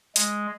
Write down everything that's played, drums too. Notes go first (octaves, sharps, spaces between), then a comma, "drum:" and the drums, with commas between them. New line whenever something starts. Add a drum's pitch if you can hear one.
G#3, drum: hi-hat